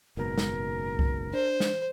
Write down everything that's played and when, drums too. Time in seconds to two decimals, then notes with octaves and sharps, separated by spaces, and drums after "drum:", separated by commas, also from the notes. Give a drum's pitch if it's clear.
0.17 F#1 G#2 B2 A#4
0.38 drum: snare
0.99 drum: kick C2
1.33 D4 C5
1.60 drum: snare